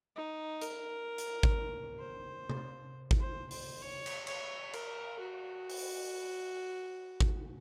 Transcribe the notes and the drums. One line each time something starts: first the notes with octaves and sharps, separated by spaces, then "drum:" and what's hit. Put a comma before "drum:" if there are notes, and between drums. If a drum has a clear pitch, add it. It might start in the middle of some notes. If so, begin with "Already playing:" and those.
D#4
A#4, drum: hi-hat
drum: hi-hat
drum: kick G#1
C5
drum: tom C3
drum: kick G#1
C5
C5, drum: open hi-hat
C#5
drum: cymbal
C#5, drum: cymbal
A#4, drum: cymbal
F#4
drum: open hi-hat
drum: kick G#1